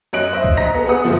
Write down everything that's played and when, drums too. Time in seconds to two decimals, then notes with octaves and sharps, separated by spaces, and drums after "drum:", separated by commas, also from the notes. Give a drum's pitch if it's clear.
0.13 F#2 C#5 D#5 F#6 D7 F#7
0.33 C5 D#5 E5
0.44 drum: kick C2
0.57 A#1 D#5 A#5 A#6 B6
0.75 B3 A4
0.86 B3 G#4 F#5 D#6
1.04 G2 D3 F3 A3